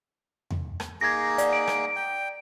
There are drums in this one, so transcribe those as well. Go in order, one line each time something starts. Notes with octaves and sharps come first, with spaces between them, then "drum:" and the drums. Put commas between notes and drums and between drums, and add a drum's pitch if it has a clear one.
drum: tom E2
drum: rim click
A#3 D#4 G#4 G#6 A#6
D5, drum: hi-hat
D7
drum: rim click
G5